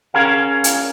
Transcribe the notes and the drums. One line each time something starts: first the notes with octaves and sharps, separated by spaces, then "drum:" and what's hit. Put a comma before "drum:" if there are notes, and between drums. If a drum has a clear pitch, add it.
C#4 G#4 A#4 F5
drum: hi-hat